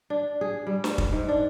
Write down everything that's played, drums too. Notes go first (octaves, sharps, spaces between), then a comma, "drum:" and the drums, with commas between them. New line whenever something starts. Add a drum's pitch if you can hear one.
D4
G#4
G3
drum: snare
drum: kick
G#2
D4